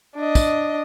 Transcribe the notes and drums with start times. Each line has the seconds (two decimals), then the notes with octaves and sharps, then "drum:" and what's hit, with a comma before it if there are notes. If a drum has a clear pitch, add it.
0.16 D4 D#5
0.35 drum: kick, tambourine